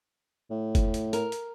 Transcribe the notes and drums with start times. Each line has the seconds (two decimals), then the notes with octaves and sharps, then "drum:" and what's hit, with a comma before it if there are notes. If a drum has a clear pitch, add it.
0.50 A2
0.75 drum: kick F#1, hi-hat
0.94 drum: hi-hat
1.13 A#4, drum: hi-hat
1.32 drum: hi-hat